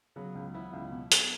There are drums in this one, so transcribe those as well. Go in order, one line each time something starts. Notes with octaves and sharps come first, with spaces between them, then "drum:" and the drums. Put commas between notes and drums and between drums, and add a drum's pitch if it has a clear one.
C#3 F#3 B3
C#2
E3 B3 E4
C#2
B2
G#4, drum: hi-hat